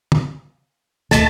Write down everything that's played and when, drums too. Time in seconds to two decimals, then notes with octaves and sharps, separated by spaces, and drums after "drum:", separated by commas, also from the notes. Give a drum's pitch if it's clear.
0.12 drum: tom
1.11 D2 B2 A3 D#5 A5, drum: snare